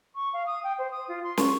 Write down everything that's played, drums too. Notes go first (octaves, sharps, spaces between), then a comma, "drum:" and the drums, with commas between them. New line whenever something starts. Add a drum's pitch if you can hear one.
C#6
F5
D#6
G5
C5
D#6
F4
C6
C#6, drum: snare